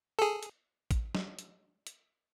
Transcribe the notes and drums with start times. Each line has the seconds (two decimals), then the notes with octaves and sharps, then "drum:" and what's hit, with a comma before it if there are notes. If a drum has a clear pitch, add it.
0.19 G#4 A4
0.43 drum: hi-hat
0.91 drum: kick, hi-hat
1.15 drum: snare
1.39 drum: hi-hat
1.87 drum: hi-hat